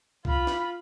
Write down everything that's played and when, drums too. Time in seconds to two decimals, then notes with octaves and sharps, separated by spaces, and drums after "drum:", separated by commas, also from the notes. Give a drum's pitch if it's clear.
0.25 F4 B5, drum: kick C2
0.47 drum: snare